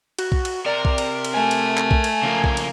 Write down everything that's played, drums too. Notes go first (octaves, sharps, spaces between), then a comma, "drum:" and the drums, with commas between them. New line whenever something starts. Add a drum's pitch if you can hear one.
F#4, drum: cymbal
drum: kick B1
drum: cymbal
C3 A#4 D5
drum: kick B1
drum: cymbal
drum: cymbal
A3 G#5
drum: cymbal
drum: clap
drum: kick B1
drum: cymbal
C#3 F3 A#3 A#4
drum: kick B1
drum: cymbal